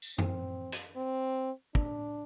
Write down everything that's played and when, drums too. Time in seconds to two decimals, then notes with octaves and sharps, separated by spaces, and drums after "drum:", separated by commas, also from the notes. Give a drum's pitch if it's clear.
0.02 drum: tambourine
0.18 C4, drum: tom F#2
0.72 drum: hi-hat
0.96 C4
1.75 D4, drum: kick